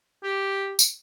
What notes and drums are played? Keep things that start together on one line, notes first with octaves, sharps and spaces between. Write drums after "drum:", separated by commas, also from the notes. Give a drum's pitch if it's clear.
G4
drum: tambourine